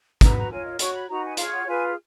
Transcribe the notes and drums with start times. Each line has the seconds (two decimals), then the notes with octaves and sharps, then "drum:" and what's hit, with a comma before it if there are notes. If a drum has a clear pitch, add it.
0.21 F#4 B4 A#5, drum: kick, hi-hat
0.37 A#5
0.51 F4 A#4 C#5 G#5
0.65 D#5
0.79 F#4 C#5 C#6, drum: hi-hat
0.94 B5
1.09 D#4 F#4 B4 A#5
1.24 G#5
1.37 F4 G#4 C#5 F5, drum: hi-hat
1.53 F#5
1.66 F4 G#4 B4 G#5